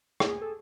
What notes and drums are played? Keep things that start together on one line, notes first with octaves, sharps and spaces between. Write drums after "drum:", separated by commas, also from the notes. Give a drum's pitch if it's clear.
G#4, drum: rim click
G#4
A4